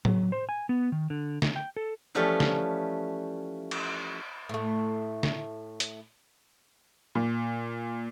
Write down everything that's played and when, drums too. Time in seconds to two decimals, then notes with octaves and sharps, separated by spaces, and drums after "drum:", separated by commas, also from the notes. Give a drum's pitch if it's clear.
0.05 F#3, drum: tom A2
0.32 C5
0.49 G#5
0.69 B3
0.92 D#3
1.10 D3
1.42 drum: snare
1.56 G5
1.77 A4
2.15 E3 F3 G3 A3 C#4 F4
2.40 drum: snare
3.71 drum: cymbal
4.49 A2 A3
5.23 drum: snare
5.80 drum: hi-hat
7.15 A#2